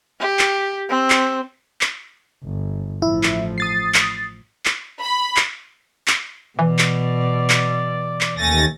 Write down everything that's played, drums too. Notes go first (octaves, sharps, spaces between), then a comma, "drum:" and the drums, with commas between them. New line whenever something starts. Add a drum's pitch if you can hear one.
G4
drum: clap
C4
drum: clap
drum: clap
G1
A1 F3 E4
drum: clap
D#6 A6 C7
drum: clap
drum: clap
B5
drum: clap
drum: clap
B2 E3 D5
drum: clap
drum: clap
drum: clap
D#2 A3 C#4 G#5 A6 A#6